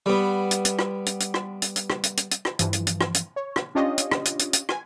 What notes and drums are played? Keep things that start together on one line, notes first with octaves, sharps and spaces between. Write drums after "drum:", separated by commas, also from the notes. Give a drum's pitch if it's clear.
G3 B3
drum: hi-hat
drum: hi-hat
drum: rim click
drum: hi-hat
drum: hi-hat
drum: rim click
drum: hi-hat
drum: hi-hat
drum: rim click
drum: hi-hat
drum: hi-hat
drum: hi-hat
drum: rim click
G2 E3 F3, drum: hi-hat
drum: hi-hat
drum: hi-hat
drum: rim click
drum: hi-hat
C#5
drum: rim click
C#4 D4 F4 G4 C#5 D#5
drum: hi-hat
drum: rim click
drum: hi-hat
drum: hi-hat
drum: hi-hat
G#5, drum: rim click